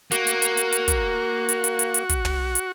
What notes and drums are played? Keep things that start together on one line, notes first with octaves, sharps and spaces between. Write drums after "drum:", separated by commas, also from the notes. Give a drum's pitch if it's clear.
A#3 F#4, drum: hi-hat
drum: hi-hat
drum: hi-hat
drum: hi-hat
drum: hi-hat
drum: kick, hi-hat
drum: hi-hat
drum: hi-hat
drum: hi-hat
drum: hi-hat
drum: kick, hi-hat
drum: tom
drum: hi-hat